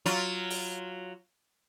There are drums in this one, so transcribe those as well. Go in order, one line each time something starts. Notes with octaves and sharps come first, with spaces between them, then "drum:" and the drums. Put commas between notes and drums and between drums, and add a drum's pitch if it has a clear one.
F#3 F4, drum: hi-hat
drum: open hi-hat